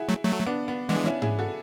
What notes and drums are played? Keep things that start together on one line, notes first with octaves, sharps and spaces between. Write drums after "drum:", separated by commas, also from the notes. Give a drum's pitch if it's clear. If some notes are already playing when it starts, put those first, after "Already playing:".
Already playing: E4 F#4 G#4
F#3 A3
F#3 A3
B3 D4
B3
E3 G#3 B3 D4
C#4 E4
E4 G#4, drum: tom G#2
F#4 A4